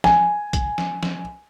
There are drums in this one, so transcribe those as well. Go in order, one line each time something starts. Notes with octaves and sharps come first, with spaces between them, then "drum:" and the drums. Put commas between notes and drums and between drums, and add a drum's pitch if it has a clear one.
G#5, drum: snare
drum: kick B1, hi-hat
drum: snare
drum: snare